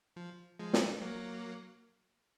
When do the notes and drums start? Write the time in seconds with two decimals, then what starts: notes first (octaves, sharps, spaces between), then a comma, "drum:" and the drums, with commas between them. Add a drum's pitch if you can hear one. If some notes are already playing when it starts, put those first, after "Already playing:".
0.16 F3
0.59 F3 G#3
0.73 drum: snare
1.02 F#3 A#3